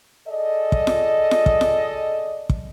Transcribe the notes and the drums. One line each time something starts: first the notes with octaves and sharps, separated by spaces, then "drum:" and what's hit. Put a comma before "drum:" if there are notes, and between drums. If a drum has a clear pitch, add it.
G#4 A4 D5 D#5
drum: kick
drum: snare F4
drum: snare F4
drum: kick
drum: snare F4
drum: kick